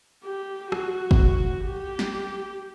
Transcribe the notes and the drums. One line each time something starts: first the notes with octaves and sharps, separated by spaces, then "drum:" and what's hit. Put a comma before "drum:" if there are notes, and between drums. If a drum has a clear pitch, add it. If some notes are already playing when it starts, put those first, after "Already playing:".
G4
F#4, drum: rim click
drum: kick
G4
drum: snare